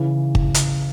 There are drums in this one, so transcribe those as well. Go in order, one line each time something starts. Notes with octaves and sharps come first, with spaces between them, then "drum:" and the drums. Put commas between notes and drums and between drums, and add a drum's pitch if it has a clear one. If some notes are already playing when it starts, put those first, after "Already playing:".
Already playing: C#3 E3
drum: kick
drum: hi-hat